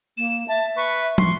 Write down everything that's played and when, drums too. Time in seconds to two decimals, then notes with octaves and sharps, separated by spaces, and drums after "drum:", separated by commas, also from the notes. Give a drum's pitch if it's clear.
0.18 A#3 E7
0.48 E5 A5
0.77 B4 C#6
1.18 C6 C#6, drum: tom